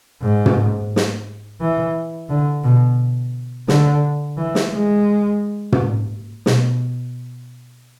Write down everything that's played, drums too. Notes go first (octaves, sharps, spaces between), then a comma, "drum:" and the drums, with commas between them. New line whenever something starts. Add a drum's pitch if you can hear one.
G#2
drum: tom
drum: snare
E3
D3
B2
D3, drum: snare
E3
drum: snare
G#3
drum: tom
B2, drum: snare